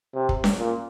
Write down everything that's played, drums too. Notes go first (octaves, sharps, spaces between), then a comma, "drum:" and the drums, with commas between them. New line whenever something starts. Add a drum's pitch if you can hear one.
C3
drum: kick
drum: snare C#4
A#2